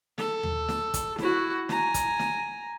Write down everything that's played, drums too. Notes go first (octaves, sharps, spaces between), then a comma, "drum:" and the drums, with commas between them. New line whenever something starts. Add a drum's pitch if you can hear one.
A4, drum: snare
drum: tom D#2
drum: snare
drum: kick, hi-hat
E4 F#4, drum: snare
G#5 A#5, drum: snare
drum: kick, hi-hat
drum: snare